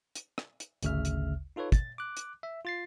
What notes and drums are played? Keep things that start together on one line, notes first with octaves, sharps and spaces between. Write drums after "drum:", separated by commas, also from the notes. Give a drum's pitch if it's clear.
drum: hi-hat
drum: rim click
drum: hi-hat
G#1 D2 C#3 E5 F6, drum: hi-hat
drum: hi-hat
D#4 F4 A4 B4 C#5
A6, drum: kick, hi-hat
D6 F#6
drum: hi-hat
E5
F4 A6 C7